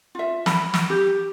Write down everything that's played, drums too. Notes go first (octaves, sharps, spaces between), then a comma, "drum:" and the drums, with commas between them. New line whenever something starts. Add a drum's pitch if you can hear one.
F4 E5
B5, drum: snare
drum: snare
G4